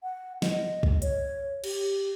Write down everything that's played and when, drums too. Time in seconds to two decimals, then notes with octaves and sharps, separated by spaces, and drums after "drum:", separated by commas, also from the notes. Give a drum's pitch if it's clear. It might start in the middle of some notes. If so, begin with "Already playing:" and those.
0.03 F#5
0.42 D#5, drum: snare
0.83 drum: kick
1.02 C#5, drum: hi-hat
1.64 G4, drum: cymbal